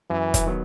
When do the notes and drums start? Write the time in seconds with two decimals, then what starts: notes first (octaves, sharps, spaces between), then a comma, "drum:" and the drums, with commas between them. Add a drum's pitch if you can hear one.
0.10 F#2 E3
0.34 drum: kick, hi-hat
0.46 D#3 F#3 B3